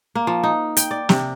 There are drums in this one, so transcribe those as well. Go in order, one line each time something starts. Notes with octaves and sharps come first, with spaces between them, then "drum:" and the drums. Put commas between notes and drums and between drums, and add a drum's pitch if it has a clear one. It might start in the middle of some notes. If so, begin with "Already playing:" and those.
A#3
F3
D#4
G5, drum: hi-hat
D5
C3, drum: snare